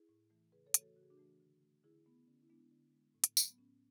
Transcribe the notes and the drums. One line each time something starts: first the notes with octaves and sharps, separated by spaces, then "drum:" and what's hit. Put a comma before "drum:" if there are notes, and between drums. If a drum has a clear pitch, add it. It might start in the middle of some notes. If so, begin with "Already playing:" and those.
Already playing: E4 G#4
A2
E3 A3
C#3 G#4 B4
A4 C#5
E3 A3, drum: hi-hat
F#4 A4
C#3 F#4
G#4
D4 F#4
E3 A3
D3
A3
D3 E4 G#4
A3 B3
D3 C#4
E4
G#3 B3 D4
D3
G#3
A2
drum: hi-hat
F#3 A3, drum: tambourine
B3
A2 C#4